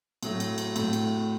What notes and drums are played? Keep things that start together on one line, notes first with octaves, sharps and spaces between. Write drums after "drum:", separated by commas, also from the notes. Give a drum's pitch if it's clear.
A2 F#3 A3, drum: cymbal
drum: cymbal
drum: cymbal
A2 F#3 A3, drum: cymbal
drum: cymbal